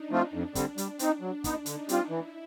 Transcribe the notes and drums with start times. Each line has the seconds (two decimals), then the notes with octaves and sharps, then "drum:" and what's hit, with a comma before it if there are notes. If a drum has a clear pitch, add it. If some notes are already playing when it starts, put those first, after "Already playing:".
Already playing: D4 D#4
0.11 F3 A3 C4 F4
0.33 F2 D4
0.55 D3 G3 C4, drum: kick, hi-hat
0.78 G3, drum: hi-hat
0.99 C4 D#4, drum: hi-hat
1.21 F#3 D4
1.44 B3 D#4, drum: kick, hi-hat
1.66 D3 D#4, drum: hi-hat
1.89 G3 C4 F4, drum: hi-hat
2.10 E3 E4